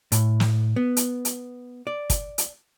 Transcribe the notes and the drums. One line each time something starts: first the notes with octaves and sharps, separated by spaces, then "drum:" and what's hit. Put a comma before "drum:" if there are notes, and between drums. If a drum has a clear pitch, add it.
A2, drum: hi-hat
drum: snare
B3
drum: hi-hat
drum: hi-hat
D5
drum: kick, hi-hat
drum: hi-hat